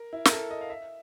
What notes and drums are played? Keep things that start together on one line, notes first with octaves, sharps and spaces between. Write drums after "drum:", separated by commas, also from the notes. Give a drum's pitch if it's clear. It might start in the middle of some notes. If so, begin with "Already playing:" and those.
Already playing: A#4
E4
A#4, drum: snare
A4
D#5
F5
E5